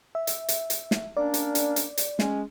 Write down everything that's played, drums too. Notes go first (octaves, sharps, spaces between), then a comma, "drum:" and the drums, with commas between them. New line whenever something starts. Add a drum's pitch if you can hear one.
E5
drum: hi-hat
drum: hi-hat
drum: hi-hat
drum: snare
A#3 C#4 D4 D5
drum: hi-hat
drum: hi-hat
drum: hi-hat
drum: hi-hat
G#3 C#4, drum: snare